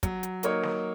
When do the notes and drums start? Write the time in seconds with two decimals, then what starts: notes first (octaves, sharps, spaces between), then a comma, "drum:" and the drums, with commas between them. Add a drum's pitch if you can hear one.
0.03 F#3, drum: kick, hi-hat
0.23 drum: hi-hat
0.43 A#3 D#4 A#4 C#5, drum: hi-hat
0.63 drum: snare